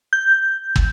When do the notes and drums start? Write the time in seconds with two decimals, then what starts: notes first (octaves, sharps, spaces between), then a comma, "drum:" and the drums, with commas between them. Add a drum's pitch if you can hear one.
0.13 G6
0.76 drum: kick